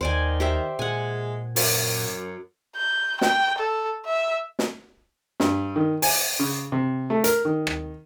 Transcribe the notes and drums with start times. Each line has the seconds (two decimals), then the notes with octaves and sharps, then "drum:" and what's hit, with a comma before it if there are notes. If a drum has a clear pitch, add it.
0.01 D#2 D#3 C5 D5 G#5
0.40 G4 C5 E5
0.79 A#2 G#3 F#5 G#5
1.56 F#2, drum: open hi-hat
2.77 G6
3.21 G5, drum: snare
3.58 A4
4.06 E5
4.59 drum: snare
5.40 G2, drum: snare
5.76 D#3
6.02 G#5, drum: open hi-hat
6.39 C#3
6.72 C3
7.10 A3
7.24 A#4, drum: hi-hat
7.45 D#3
7.67 drum: rim click